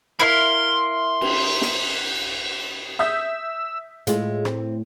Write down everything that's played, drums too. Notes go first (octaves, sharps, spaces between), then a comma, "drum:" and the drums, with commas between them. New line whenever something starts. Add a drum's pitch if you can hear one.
E4 A#4 F5 B5 C6
drum: cymbal
drum: snare
E5 D#6 E6 G6
A2 G#3 F4 G#4, drum: hi-hat
C4, drum: rim click